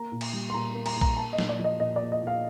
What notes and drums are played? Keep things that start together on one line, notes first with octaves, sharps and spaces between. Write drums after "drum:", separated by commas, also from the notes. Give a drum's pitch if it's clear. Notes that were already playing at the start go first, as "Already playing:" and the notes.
Already playing: A#3 A#5
A#2
drum: cymbal
G3
C6
A#2 A#5
A#3
A#5, drum: cymbal
A#2
A#5, drum: kick A#1
A#3 A5
D#5
A#2, drum: snare
D5
F3
D#5
A#2 D#5
D5
A#3
D#5
A#2 F5